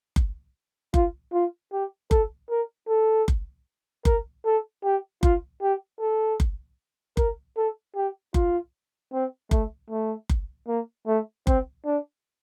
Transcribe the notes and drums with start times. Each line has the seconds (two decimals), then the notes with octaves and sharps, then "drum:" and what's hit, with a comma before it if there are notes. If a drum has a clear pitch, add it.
0.16 drum: kick F#1
0.94 F4, drum: kick F#1
1.33 F4
1.73 G4
2.11 A4, drum: kick F#1
2.50 A#4
2.88 A4
3.28 drum: kick F#1
4.05 A#4, drum: kick F#1
4.45 A4
4.84 G4
5.23 F4, drum: kick F#1
5.62 G4
6.00 A4
6.40 drum: kick F#1
7.17 A#4, drum: kick F#1
7.57 A4
7.96 G4
8.34 F4, drum: kick F#1
9.13 C4
9.51 A3, drum: kick F#1
9.90 A3
10.29 drum: kick F#1
10.68 A#3
11.07 A3
11.47 C4, drum: kick F#1
11.86 D4